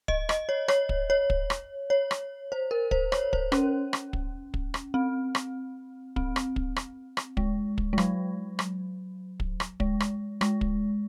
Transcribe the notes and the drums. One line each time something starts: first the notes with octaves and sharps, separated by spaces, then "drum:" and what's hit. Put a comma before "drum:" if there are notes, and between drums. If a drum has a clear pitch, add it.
D#5, drum: kick
D#5, drum: rim click
C#5
C#5, drum: rim click
drum: kick
C#5
drum: kick
drum: rim click
C#5
drum: rim click
C5
A#4
C5, drum: kick
C#5, drum: rim click
C5, drum: kick
C#4, drum: rim click
drum: rim click
drum: kick
drum: kick
drum: rim click
C4
drum: rim click
C4, drum: kick
drum: rim click
drum: kick
drum: rim click
drum: rim click
G#3, drum: kick
drum: kick
G#3
F#3, drum: rim click
drum: rim click
drum: kick
drum: rim click
G#3, drum: kick
drum: rim click
G#3, drum: rim click
drum: kick